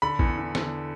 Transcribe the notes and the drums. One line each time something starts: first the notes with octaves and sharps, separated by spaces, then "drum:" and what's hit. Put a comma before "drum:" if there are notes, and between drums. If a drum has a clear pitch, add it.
D3 B5
E2, drum: kick
E2
D3, drum: snare